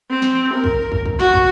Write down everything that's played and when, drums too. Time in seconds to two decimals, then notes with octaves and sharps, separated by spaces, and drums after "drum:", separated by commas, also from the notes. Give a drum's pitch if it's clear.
0.10 C4
0.22 drum: snare
0.53 A#4
0.64 drum: kick
0.92 drum: kick
1.06 drum: kick
1.20 F#4, drum: snare
1.33 drum: kick